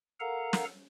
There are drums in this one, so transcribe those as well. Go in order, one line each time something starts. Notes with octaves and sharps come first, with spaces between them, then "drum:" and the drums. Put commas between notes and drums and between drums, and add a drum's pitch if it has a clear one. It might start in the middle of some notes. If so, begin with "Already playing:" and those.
A4 A#4 F5 F#5 A#5
drum: snare